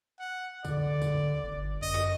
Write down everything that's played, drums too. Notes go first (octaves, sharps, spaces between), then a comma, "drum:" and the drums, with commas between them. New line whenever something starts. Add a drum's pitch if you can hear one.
F#5
D3 D5, drum: kick, tambourine
drum: kick, tambourine
G1
F#2 D#5
drum: snare